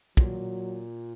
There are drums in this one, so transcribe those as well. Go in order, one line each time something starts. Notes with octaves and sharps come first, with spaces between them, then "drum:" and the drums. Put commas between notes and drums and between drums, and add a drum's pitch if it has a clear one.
A#2 F#3, drum: kick